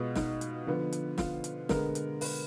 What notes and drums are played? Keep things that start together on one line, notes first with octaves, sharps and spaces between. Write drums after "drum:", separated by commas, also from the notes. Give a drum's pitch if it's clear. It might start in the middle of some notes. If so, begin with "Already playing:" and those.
Already playing: B2 G#3 B3 F4
D#4, drum: snare
drum: hi-hat
D3 F3 B3
drum: hi-hat
F4, drum: snare
drum: hi-hat
D3 G#3 B3 A#4, drum: snare
drum: hi-hat
B4, drum: open hi-hat